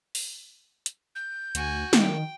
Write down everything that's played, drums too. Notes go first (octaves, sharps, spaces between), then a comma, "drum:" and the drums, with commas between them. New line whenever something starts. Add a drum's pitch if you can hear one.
drum: open hi-hat
drum: hi-hat
G6
D2 F#4 G#5, drum: hi-hat
D#3 G5, drum: snare